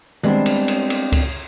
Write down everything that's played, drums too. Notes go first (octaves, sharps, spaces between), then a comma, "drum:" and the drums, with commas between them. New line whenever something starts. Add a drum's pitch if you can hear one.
G3 G#3 B3 C4 D4, drum: tom D#3
drum: cymbal
drum: cymbal
drum: cymbal
drum: kick C#2, cymbal